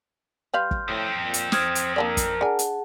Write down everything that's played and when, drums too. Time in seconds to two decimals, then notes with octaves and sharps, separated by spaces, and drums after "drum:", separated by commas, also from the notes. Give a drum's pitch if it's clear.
0.54 G3 B4 F5 C6 F6 G6
0.71 drum: kick
0.88 F2 A2 C4
1.22 A#2
1.34 drum: hi-hat
1.52 C5 D#6 F6 G#6, drum: snare
1.75 drum: hi-hat
1.96 A#3 D4 A#4 D5
2.17 drum: kick, hi-hat
2.41 D4 G#4 F#5 G#5 A5
2.59 drum: hi-hat